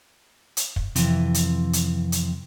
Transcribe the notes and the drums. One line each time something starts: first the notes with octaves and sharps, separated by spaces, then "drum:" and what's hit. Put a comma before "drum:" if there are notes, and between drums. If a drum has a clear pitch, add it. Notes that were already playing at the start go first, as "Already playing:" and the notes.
drum: hi-hat
drum: kick
F2 C3 E3, drum: hi-hat
drum: hi-hat
drum: hi-hat
drum: hi-hat